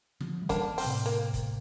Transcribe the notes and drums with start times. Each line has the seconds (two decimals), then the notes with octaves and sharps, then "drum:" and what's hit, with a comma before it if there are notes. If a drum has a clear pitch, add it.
0.20 D3 F3, drum: snare
0.42 E3 G3
0.49 A#3 D4, drum: kick, hi-hat
0.78 C4, drum: open hi-hat
0.84 A2 C3
1.06 A#3, drum: hi-hat
1.34 drum: kick, hi-hat